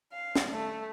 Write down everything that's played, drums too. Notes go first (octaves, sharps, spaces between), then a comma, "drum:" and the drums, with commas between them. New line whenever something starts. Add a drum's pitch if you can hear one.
F5
drum: snare
A3